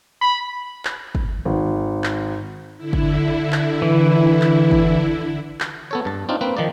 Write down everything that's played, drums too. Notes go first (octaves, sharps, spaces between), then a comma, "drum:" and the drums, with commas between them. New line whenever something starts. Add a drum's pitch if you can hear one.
B5
drum: clap
drum: kick
G#1
drum: clap
D3 E4
drum: kick
drum: clap
E3
drum: clap
drum: kick
drum: clap
B3 A4 C#5
G2 A5
C4 D4 D#4 F4
A#3 C4 B4
D#3 F3 D#4 D5